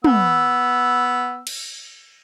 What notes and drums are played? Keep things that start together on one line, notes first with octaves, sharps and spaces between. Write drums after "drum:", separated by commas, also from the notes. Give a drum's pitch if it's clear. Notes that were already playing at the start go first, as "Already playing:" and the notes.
B3 E6, drum: tom
drum: cymbal